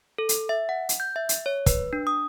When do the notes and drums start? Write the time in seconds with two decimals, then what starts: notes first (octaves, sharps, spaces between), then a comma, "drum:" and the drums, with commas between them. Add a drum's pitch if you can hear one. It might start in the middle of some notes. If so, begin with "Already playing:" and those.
0.18 A4
0.29 drum: hi-hat
0.49 E5
0.69 F#5
0.89 drum: hi-hat
1.00 G6
1.16 E5
1.29 drum: hi-hat
1.46 C#5
1.66 B4, drum: kick, hi-hat
1.93 D4
2.07 D#6